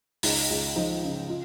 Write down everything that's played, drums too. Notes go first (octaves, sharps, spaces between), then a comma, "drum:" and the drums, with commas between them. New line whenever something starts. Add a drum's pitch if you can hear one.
C#2 D#4, drum: open hi-hat
C#2
F3 D#4
C#3
F4